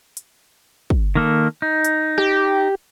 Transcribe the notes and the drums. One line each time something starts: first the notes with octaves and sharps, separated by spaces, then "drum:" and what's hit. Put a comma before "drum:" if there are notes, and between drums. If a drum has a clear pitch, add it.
drum: hi-hat
drum: kick
D#3 A#3 A4
D#4
drum: hi-hat
G4, drum: rim click